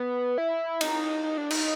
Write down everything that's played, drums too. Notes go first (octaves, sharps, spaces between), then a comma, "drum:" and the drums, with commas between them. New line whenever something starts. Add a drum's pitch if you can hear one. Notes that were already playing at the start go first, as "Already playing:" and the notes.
Already playing: B3
E4
D#4, drum: cymbal
D#4
D4
D#4, drum: cymbal